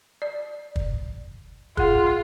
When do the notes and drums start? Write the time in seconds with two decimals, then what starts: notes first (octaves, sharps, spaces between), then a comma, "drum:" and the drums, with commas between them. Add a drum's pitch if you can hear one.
0.22 D5
0.76 drum: kick
1.77 F4 G#4 F#5, drum: kick